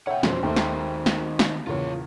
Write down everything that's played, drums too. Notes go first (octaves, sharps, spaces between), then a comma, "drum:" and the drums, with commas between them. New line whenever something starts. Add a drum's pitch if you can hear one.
B2 C#5 E5 F#5 G5
F2 B2 C#4 C5, drum: snare
D#2 D#3 A3 C5
drum: snare
drum: snare
drum: snare
E2 A#2 C#3 F4 C#5